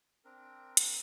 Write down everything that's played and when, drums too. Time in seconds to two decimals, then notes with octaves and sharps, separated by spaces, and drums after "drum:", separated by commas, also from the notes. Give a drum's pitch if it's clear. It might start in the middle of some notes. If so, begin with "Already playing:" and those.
0.25 C4 D4 A#4
0.77 drum: hi-hat